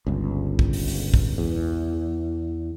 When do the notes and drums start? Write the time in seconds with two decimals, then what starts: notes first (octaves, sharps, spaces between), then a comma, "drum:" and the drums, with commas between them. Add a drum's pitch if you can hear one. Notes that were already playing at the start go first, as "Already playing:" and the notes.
0.07 G1 C#2
0.59 drum: kick
0.73 drum: open hi-hat
0.88 drum: open hi-hat
1.14 drum: kick
1.38 E2